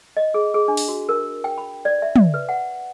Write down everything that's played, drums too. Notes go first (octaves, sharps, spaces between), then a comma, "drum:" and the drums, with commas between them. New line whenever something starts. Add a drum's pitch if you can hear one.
D#5
G#4
G#4
D4
drum: open hi-hat
F#4
A#4
G5
B5
D5
E5
drum: tom
B4
F#5